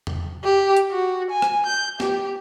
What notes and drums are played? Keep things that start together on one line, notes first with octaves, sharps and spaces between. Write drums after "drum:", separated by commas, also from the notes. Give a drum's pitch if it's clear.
drum: tom E2
G4
drum: hi-hat
F#4
G#5
drum: rim click
G6
G4, drum: snare